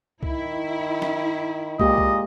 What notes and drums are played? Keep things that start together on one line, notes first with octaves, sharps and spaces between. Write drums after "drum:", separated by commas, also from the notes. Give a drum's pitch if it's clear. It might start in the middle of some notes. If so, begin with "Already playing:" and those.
D#3 E4, drum: kick
drum: snare
A#2 G#3 A#3 G4 D#5, drum: kick
drum: kick